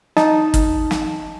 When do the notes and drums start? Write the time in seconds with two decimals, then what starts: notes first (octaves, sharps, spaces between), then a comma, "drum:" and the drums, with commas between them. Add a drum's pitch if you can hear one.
0.17 D#4 A5 D#6, drum: snare
0.54 drum: kick, hi-hat
0.91 drum: snare